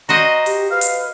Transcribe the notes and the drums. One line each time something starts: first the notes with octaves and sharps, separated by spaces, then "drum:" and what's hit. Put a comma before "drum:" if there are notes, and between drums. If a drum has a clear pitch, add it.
F#4 C5 D#5 A#5
G4, drum: open hi-hat
B4 F5
drum: hi-hat